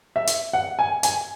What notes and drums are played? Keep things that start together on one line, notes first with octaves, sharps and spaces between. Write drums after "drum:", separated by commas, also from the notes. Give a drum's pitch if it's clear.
E5
drum: hi-hat
F#5
G#5
G#5, drum: hi-hat